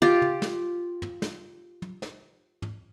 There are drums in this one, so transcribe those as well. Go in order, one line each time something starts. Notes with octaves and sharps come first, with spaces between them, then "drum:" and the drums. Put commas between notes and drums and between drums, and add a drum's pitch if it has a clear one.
F4 G4
drum: tom
drum: snare
drum: tom
drum: snare
drum: tom
drum: snare
drum: tom